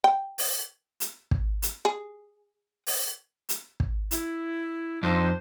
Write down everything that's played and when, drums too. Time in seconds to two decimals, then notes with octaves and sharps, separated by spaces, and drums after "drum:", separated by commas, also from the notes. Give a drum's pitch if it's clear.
0.04 G5
0.38 drum: open hi-hat
1.00 drum: hi-hat
1.31 drum: kick
1.62 drum: hi-hat
1.85 G#4
2.87 drum: open hi-hat
3.49 drum: hi-hat
3.80 drum: kick
4.11 E4, drum: hi-hat
5.03 F2 D4 D#4 C5